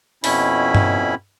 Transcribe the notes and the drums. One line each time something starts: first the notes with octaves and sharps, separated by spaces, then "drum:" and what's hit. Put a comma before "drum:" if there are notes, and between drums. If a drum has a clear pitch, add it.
F2 B2 C#4 E4 B5, drum: open hi-hat
drum: tom G2